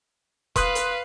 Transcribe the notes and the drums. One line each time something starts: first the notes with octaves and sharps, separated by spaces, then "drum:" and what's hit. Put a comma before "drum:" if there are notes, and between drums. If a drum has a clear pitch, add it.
B4 F5 C6 D#6 F#6, drum: kick E1, hi-hat
drum: hi-hat